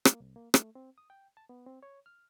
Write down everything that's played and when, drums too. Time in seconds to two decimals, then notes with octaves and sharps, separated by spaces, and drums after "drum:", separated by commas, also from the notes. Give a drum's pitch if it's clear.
0.05 A#3, drum: rim click
0.20 C2
0.36 A#3
0.54 A3, drum: rim click
0.75 C4
0.98 D#6
1.10 G5
1.37 A5
1.49 B3
1.66 C4
1.83 C#5
2.06 F6